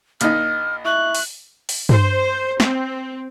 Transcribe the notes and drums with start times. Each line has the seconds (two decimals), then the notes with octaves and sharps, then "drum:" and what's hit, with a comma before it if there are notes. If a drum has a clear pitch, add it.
0.21 A#1 D#4 F6, drum: hi-hat
0.85 E4 C#6 F#6
1.15 drum: open hi-hat
1.69 drum: open hi-hat
1.89 C5, drum: tom G2
2.60 C4, drum: snare